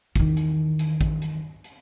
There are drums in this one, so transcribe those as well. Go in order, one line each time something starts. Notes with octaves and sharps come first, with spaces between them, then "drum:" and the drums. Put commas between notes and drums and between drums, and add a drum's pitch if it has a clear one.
E2 D#3, drum: kick, hi-hat
drum: hi-hat
drum: hi-hat
drum: kick, hi-hat
drum: hi-hat
drum: hi-hat